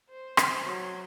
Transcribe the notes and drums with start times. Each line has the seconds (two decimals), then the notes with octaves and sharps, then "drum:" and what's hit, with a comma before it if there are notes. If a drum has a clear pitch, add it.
0.10 C5
0.37 drum: rim click
0.64 F#3